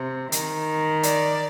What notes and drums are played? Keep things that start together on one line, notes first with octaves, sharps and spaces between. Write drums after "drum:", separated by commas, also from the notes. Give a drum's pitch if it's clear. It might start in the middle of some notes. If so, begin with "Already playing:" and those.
Already playing: C3
D#3, drum: hi-hat
D5, drum: hi-hat